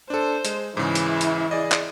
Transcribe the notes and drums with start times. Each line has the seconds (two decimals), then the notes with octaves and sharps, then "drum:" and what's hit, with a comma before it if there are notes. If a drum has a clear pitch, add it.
0.10 D4 A4 C5
0.45 G#3, drum: hi-hat
0.77 G#2 C#3 E3 E4
0.95 drum: hi-hat
1.21 drum: hi-hat
1.51 G#4 D5 D#5
1.72 drum: clap